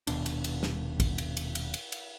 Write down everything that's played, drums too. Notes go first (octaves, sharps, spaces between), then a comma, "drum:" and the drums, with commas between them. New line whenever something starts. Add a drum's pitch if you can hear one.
D#1 D#2 B2 D4, drum: cymbal
drum: cymbal
drum: cymbal
drum: snare
drum: kick, cymbal
drum: cymbal
drum: cymbal
drum: cymbal
drum: cymbal
drum: cymbal